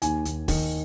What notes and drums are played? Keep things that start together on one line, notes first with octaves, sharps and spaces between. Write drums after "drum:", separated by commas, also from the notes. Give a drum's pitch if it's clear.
D#2 G#5, drum: hi-hat
D#2, drum: hi-hat
D#3, drum: kick, open hi-hat